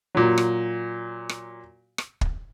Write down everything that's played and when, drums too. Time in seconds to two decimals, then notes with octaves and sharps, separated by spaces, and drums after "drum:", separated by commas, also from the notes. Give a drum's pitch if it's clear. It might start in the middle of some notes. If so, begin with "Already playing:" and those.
0.15 A#2 F#3
0.38 drum: rim click
1.29 drum: rim click
1.98 drum: rim click
2.21 drum: kick